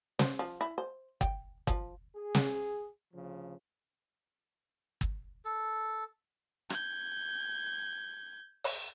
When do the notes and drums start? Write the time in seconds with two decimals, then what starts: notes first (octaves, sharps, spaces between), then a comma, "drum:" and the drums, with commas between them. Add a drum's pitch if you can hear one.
0.19 C5, drum: snare
0.39 F3
0.61 E4
0.78 C5
1.21 G5, drum: kick
1.67 F3, drum: kick
2.16 G#4
2.35 drum: snare
3.14 D2 C#3 F3
5.01 drum: kick
5.45 A4
6.70 G6 G#6, drum: rim click
8.64 drum: open hi-hat